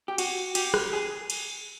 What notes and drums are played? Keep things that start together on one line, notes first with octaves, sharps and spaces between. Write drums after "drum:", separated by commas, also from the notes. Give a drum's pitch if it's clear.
G4
F#4, drum: cymbal
G4, drum: cymbal
drum: rim click
G#4
drum: cymbal